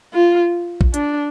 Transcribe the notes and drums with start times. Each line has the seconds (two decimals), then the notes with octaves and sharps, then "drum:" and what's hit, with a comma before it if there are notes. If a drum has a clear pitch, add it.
0.14 F4
0.81 drum: kick A#1
0.94 D4, drum: hi-hat